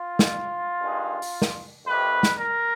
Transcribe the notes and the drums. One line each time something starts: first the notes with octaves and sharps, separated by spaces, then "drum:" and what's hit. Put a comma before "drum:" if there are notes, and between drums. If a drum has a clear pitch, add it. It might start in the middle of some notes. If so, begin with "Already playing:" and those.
Already playing: F4
drum: snare
G2 D#3 G#3
drum: open hi-hat
drum: snare
F2 C3 D#3 G3 B4
drum: snare
A#4